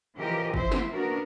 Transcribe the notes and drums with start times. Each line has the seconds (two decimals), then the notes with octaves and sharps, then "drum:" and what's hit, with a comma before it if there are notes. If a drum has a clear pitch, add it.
0.15 C#3 E3 F3 G4 A#4 D#5
0.54 E4 C5, drum: kick G1
0.72 drum: snare
0.92 A#3 B3 C#4 D4 F#4 A#4